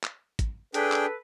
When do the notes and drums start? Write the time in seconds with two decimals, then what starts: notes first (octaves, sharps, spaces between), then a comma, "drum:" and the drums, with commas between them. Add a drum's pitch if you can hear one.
0.04 drum: clap
0.39 drum: kick A1, hi-hat
0.74 D4 G#4 A4 B4 G5, drum: hi-hat
0.92 drum: clap